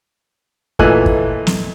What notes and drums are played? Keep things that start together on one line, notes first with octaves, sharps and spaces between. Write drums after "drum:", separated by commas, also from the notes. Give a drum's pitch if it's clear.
A#2 E3 A3 D#4 G#5 F#6, drum: kick
drum: kick
drum: snare